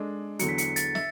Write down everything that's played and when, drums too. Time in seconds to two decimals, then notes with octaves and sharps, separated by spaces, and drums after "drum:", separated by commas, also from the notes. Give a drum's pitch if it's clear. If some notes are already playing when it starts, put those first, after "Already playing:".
Already playing: G#3 D4 A4
0.39 E2 D3 F#3 C#7, drum: hi-hat
0.49 B6
0.58 C#7, drum: hi-hat
0.76 A6, drum: hi-hat
0.95 E5 A6, drum: snare